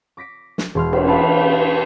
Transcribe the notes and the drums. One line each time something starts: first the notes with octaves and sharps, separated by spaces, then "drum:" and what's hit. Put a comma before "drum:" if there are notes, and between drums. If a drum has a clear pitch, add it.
D6 A#6 B6 D7
drum: snare
E1 C6 F6
drum: cymbal
B4 E5 F5 A5
A5